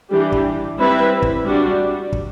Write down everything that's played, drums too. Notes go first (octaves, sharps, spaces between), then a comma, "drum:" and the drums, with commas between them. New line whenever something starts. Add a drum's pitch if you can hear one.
E3 G3 D4 G4
drum: kick
G3 C4 E4 B4 E5
drum: kick
G3 D4 F#4
drum: kick